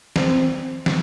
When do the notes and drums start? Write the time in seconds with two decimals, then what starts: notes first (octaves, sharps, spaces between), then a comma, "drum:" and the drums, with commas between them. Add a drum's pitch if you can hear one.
0.16 C4, drum: snare
0.86 drum: snare